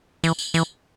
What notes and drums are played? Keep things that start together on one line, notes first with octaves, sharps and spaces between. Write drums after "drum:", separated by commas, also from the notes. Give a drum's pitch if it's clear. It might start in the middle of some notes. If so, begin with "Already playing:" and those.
E3, drum: tambourine
drum: tambourine
E3, drum: tambourine